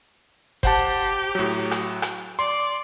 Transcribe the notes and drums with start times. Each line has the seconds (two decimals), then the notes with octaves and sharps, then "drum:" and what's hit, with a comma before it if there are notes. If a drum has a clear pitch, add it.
0.63 G4 C5 F#5 A5, drum: kick F#1
1.35 A2 F#3
1.71 drum: rim click
2.02 drum: rim click
2.39 D5 C6